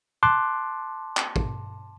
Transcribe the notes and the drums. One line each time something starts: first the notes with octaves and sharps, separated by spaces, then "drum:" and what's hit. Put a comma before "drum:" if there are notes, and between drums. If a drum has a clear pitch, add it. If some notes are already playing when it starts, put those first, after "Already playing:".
A5 C6 D6 F#6
drum: clap
drum: kick